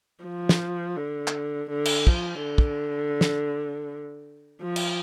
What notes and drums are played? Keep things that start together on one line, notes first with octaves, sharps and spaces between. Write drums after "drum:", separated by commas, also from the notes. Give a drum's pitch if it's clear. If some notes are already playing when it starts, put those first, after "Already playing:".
F3
drum: snare
D3
drum: clap
D3
drum: cymbal
F3, drum: kick
D3
drum: kick
drum: snare
F3
drum: cymbal